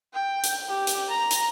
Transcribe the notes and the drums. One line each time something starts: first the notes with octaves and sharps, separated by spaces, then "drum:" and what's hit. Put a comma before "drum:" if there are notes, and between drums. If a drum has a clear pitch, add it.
G5
drum: hi-hat
G4
drum: hi-hat
A#5
drum: hi-hat